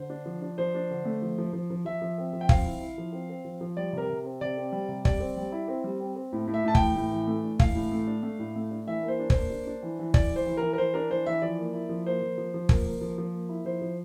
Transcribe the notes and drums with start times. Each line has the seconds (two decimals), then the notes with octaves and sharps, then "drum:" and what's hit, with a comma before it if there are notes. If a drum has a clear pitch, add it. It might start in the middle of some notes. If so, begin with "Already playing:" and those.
Already playing: D3 C5
0.10 D4
0.26 F3
0.42 D4
0.58 F3 C5
0.75 D4
0.91 D3
1.05 A3
1.22 F3
1.38 F3
1.53 F3
1.70 F3
1.85 F3 E5
2.02 F3
2.18 C4
2.33 F3
2.41 G5
2.49 C4 F5, drum: kick
2.66 E4
2.81 E4
2.98 F3
3.13 C4
3.30 C4
3.45 F3
3.61 F3
3.77 G3 D5
3.93 C3 A#4
4.09 C3
4.24 C4
4.41 C3 D5
4.57 C4
4.72 G3
4.89 C3
5.05 G3 D5, drum: kick
5.20 C4
5.37 G3
5.52 E4
5.68 C4
5.84 G3
6.00 C4
6.16 C4
6.33 A2
6.47 A2
6.54 E5
6.64 A2 A5
6.75 G5, drum: kick
6.80 E3
6.96 A2
7.12 E3
7.27 A3
7.44 D4
7.59 E3 F5, drum: kick
7.75 A2
7.92 A3
8.07 D4
8.23 A3
8.39 A2
8.56 A3
8.71 D4
8.87 E3 E5
9.03 A#3
9.08 C5
9.19 D4
9.30 A#3 C5, drum: kick
9.50 D4
9.67 D4
9.83 E3
9.99 E3
10.14 E3 D5, drum: kick
10.30 E3
10.36 C5
10.47 E3
10.57 E3 A#4
10.73 A#4
10.78 E3 C5
10.94 D4 A#4
11.10 E3 C5
11.26 E3 E5
11.42 F3 D5
11.58 A#3
11.74 E4
11.89 F3
12.06 A#3 C5
12.22 F3
12.38 F3
12.54 F3
12.69 A#3, drum: kick
12.85 A#3
13.01 F3
13.18 F3
13.33 A#3
13.49 E4
13.65 F3 C5
13.82 F3